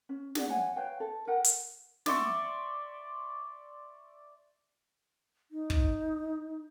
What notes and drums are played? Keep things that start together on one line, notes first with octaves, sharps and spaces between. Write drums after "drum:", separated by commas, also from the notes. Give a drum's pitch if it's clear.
C#4
F#4 G#4 D5 F#5, drum: snare
C#5 F#5 G#5
B4 C#5 F5 G5
A4
A#4 F#5 G5
drum: hi-hat
D5 E5 C6 C#6, drum: snare
D#4
drum: kick